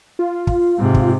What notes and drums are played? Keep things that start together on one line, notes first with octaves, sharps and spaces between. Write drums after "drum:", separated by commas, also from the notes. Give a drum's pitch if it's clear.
F4
drum: kick
G#2 C3
drum: kick